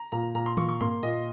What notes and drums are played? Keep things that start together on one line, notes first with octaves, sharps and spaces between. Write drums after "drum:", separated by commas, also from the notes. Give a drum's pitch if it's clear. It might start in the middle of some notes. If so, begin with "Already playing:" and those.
Already playing: A#5
A#2 A#5
A#2 A#5
C6
A#2 C#6, drum: tom D#3
C#6
A#3 C6, drum: tom G2
A#2 D#5